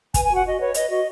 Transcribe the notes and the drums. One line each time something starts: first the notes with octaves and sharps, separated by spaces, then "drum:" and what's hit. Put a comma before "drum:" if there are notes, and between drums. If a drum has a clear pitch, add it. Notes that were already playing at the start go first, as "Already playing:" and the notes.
B4 G#5, drum: kick, hi-hat
G#5
F#4 F#5
F#4 D#5
B4 C#5
B4 D#5, drum: hi-hat
F#4 D#5